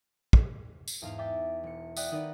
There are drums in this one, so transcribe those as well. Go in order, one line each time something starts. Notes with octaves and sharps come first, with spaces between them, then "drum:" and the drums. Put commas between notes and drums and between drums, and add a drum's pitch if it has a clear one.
drum: kick
drum: tambourine
E2 G#2 F5
E5 G5 D6 A6
E1 C#7
D5 E5 F#5 G5 D#6 F#6, drum: tambourine
D#3 D#4 B4 D5